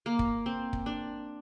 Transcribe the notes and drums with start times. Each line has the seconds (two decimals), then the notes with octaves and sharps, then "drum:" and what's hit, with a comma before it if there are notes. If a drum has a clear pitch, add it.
0.06 A#3
0.19 drum: kick
0.46 C4
0.73 drum: kick
0.86 D4